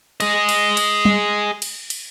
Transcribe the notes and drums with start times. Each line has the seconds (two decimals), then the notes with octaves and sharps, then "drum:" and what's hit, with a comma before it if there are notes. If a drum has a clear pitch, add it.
0.20 G#4 D#5, drum: cymbal
0.49 drum: cymbal
0.77 drum: cymbal
1.05 drum: tom G3
1.62 drum: cymbal
1.90 drum: cymbal